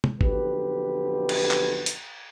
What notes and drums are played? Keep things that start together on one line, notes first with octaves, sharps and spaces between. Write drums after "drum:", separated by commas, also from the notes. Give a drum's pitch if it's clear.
drum: tom
B1 F2 D3 G4 B4, drum: kick G#1
drum: cymbal
drum: clap
drum: hi-hat